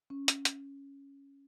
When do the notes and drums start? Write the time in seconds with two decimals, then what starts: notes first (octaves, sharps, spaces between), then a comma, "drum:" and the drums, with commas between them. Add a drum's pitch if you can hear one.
0.10 C#4
0.28 drum: hi-hat
0.45 drum: hi-hat